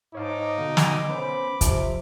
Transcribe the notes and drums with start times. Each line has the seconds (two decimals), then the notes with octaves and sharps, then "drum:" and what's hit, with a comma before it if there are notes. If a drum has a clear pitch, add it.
0.15 G#2 D#4 C#5 F5 A5 D6
0.58 B2 D3
0.77 drum: snare
1.09 B3 C#4 C5 B5
1.61 C3 F3, drum: kick, hi-hat